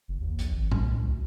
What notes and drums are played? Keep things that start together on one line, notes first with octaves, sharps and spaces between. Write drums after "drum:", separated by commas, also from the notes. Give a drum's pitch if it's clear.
F#1
D#2
A#1, drum: hi-hat
G#1
B1, drum: tom A2
C2
D2